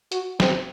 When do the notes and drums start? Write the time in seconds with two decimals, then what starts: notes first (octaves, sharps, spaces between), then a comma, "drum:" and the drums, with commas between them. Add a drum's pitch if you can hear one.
0.12 F#4, drum: hi-hat
0.40 C4, drum: snare